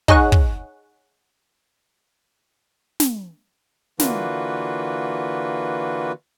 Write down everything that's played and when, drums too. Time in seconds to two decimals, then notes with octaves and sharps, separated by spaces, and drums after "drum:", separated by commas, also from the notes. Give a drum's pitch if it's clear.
0.08 D#4 G#4 C#5 F#5, drum: kick
0.32 drum: kick
3.00 drum: snare
3.99 D3 E3 A#3 F4 F#4 B4, drum: snare